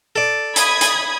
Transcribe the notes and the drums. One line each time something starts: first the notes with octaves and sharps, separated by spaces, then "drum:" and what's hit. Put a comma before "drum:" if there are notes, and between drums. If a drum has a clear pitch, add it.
A4 D5
B5 D#6 G#6, drum: hi-hat
drum: hi-hat